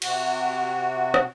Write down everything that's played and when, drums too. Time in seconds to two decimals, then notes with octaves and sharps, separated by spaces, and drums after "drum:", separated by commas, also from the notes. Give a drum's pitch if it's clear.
0.02 C3 F#4, drum: cymbal
1.14 drum: rim click